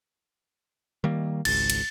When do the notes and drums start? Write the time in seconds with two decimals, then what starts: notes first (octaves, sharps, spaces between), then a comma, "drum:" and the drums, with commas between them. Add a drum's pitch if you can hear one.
1.04 D#3 G3 A#3
1.45 G#1 C#2 A6, drum: cymbal
1.70 drum: cymbal